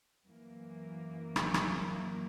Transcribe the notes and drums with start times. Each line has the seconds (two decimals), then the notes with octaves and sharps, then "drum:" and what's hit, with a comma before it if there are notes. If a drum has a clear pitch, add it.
0.25 F#2 E3 A#3
1.36 drum: rim click
1.54 drum: rim click